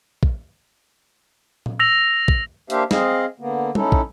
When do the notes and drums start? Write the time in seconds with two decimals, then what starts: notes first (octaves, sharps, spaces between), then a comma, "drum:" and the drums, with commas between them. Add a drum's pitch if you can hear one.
0.23 drum: kick
1.66 drum: tom A#2
1.79 E6 A#6 F7
2.28 drum: kick
2.70 A#3 D4 G4 C5 E5 F5, drum: hi-hat
2.91 C4 G#4 D#5 F5, drum: snare
3.40 D3 A#3 B3
3.75 C#4 D#4 E4 A4, drum: tom G3
3.92 drum: kick